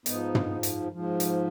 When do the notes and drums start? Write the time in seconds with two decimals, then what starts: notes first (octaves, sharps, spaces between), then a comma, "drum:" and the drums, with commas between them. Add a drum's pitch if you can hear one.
0.06 G#2 F3 B3 D#4, drum: hi-hat
0.35 drum: tom
0.63 drum: hi-hat
0.92 G#2 F3
1.20 drum: hi-hat